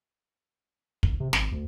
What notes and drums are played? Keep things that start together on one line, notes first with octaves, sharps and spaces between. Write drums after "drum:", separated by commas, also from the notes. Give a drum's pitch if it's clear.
F1, drum: kick
C3
G#1, drum: snare
D2